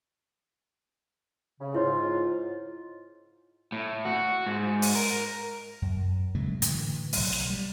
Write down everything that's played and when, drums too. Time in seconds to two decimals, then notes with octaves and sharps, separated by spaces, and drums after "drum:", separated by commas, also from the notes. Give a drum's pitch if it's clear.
1.61 C#3
1.74 G#2 E4 F4 C#5
3.72 A2
4.05 F#4
4.46 G#2
4.82 drum: open hi-hat
4.95 A#4
5.82 F#2
6.35 C#3 F#3 G#3 A3
6.62 A2 D3 E3, drum: hi-hat
7.13 B1 F#3, drum: open hi-hat
7.33 drum: snare
7.50 G3